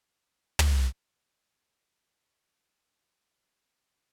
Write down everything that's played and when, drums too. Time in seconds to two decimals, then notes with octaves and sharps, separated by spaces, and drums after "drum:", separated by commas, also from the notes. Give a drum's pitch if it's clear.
0.18 C#4 F4
0.59 drum: tom
2.56 G#4
2.75 G4
2.94 G4
3.26 D5
3.59 E5
3.78 G3
3.92 A#4